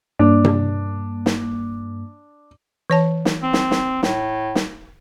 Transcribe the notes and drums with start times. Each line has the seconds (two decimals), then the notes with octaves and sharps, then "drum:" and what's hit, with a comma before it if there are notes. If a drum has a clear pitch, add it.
0.19 G2 A#3 D4
0.44 drum: tom C3
1.26 drum: snare
2.90 E3 C#5 A5
3.25 drum: snare
3.43 C4
3.53 drum: snare
3.71 drum: snare
4.03 A2, drum: snare
4.55 drum: snare